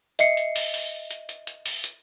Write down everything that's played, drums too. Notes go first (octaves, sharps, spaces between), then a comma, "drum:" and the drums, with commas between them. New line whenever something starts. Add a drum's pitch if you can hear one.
D#5 E5 C7 C#7, drum: hi-hat
drum: hi-hat
drum: open hi-hat
drum: open hi-hat
drum: hi-hat
drum: hi-hat
drum: hi-hat
drum: open hi-hat
drum: hi-hat